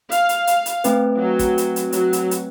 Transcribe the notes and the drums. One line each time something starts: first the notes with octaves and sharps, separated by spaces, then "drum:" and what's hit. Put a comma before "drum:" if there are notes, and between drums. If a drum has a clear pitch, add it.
F5, drum: hi-hat
drum: hi-hat
drum: hi-hat
drum: hi-hat
A3 C4 B4, drum: hi-hat
F#3
drum: kick, hi-hat
drum: hi-hat
drum: hi-hat
F#3, drum: hi-hat
drum: hi-hat
drum: hi-hat